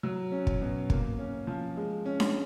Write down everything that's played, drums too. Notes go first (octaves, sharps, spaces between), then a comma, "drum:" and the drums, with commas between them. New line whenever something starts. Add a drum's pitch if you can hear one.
F#3
C#4
drum: kick
B2
A#3, drum: kick
C#4
F3
G#3
C#4
drum: snare D4